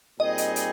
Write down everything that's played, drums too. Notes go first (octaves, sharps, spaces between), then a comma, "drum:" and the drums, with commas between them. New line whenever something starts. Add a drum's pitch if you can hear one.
A#2 G3 C4 D#4 G#4 D#5
drum: hi-hat
drum: hi-hat